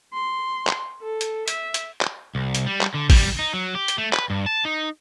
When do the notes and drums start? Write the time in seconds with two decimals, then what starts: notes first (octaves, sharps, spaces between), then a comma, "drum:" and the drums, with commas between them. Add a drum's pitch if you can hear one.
0.14 C6
0.67 drum: clap
1.01 A4
1.21 drum: hi-hat
1.48 E5, drum: hi-hat
1.74 drum: hi-hat
2.01 drum: clap
2.35 C2
2.55 drum: hi-hat
2.66 G3
2.81 drum: clap
2.94 D3
3.10 G3, drum: kick, open hi-hat
3.39 D#4
3.53 F#3
3.75 G4
3.88 drum: hi-hat
3.98 A3
4.13 B4, drum: clap
4.30 G2
4.46 A5
4.65 D#4